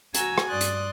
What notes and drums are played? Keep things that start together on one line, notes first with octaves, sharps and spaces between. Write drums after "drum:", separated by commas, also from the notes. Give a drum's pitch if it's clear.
F#4 G#5 A#5 E6, drum: hi-hat
drum: rim click
G2 D5 C6 D#6 F#6 A6
drum: hi-hat